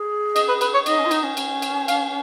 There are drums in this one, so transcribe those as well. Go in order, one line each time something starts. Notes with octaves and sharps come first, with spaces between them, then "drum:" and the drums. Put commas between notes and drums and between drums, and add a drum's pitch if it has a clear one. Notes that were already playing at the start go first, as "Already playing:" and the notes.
Already playing: G#4
D#5, drum: cymbal
B4
B4, drum: cymbal
C#5
D#4 D#5, drum: cymbal
C#4
F4
D#4, drum: cymbal
C#4
drum: cymbal
drum: cymbal
F5, drum: cymbal